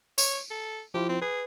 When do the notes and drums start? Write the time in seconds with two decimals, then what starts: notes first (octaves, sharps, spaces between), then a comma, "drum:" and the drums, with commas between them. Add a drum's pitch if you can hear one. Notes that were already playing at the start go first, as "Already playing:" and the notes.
0.18 C#5, drum: tambourine
0.51 A4
0.94 F3 E4 F4 G4
1.09 C4
1.22 G#4 B4